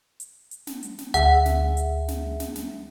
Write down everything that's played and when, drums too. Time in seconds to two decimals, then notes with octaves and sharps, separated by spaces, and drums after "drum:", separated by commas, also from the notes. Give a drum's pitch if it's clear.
0.20 drum: hi-hat
0.51 drum: hi-hat
0.67 drum: snare
0.83 drum: hi-hat
0.98 drum: snare
1.14 D2 G#4 E5 F#5, drum: hi-hat
1.46 drum: snare
1.77 drum: hi-hat
2.08 drum: snare
2.40 drum: snare
2.56 drum: snare